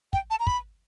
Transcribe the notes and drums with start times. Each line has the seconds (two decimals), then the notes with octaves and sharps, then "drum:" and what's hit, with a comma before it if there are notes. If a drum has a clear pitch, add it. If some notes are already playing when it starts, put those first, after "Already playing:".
0.13 G5, drum: kick
0.30 A5
0.40 A#5
0.47 B5, drum: kick